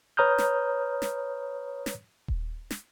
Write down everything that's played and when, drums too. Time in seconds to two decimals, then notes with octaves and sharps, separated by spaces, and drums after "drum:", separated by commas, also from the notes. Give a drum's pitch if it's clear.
0.17 B4 C#5 A#5 D#6 F6 G6
0.38 drum: snare
1.02 drum: snare
1.86 drum: snare
2.28 drum: kick D#1
2.71 drum: snare